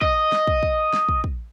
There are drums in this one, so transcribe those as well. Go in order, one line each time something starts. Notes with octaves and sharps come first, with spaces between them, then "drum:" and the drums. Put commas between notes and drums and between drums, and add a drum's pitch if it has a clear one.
D#5, drum: kick
drum: snare
drum: kick
drum: kick
drum: snare
drum: kick
drum: kick